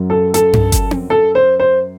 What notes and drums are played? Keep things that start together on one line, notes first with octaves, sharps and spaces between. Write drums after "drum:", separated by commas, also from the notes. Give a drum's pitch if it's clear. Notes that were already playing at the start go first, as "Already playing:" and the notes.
Already playing: F#2 F#3
A4
A4, drum: hi-hat
drum: tom G2
drum: kick G1, hi-hat
drum: tom C4
A4
C5
C5